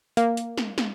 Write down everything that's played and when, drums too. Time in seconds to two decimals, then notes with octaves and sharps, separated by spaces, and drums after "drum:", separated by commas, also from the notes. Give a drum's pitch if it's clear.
0.17 A#3, drum: hi-hat
0.37 drum: hi-hat
0.58 drum: snare
0.78 drum: snare